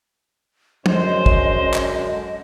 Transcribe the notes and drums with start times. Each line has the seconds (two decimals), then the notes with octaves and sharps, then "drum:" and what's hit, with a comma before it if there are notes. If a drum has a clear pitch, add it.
0.86 F#2 D3 G#3 C#4 C5 D#5, drum: tom
1.26 drum: kick
1.74 drum: clap